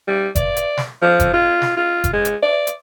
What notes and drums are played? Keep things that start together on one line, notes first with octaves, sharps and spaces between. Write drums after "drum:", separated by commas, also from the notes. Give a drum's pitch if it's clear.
G3
D5, drum: kick F#1, hi-hat
drum: hi-hat
drum: snare
F3
drum: kick F#1, hi-hat
F4
drum: snare
F4
drum: kick F#1, hi-hat
G#3
drum: hi-hat
D5
drum: hi-hat